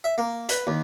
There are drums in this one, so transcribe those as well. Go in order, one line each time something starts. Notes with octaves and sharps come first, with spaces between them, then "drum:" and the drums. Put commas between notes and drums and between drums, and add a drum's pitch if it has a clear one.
E5
A#3
B4, drum: hi-hat
D#2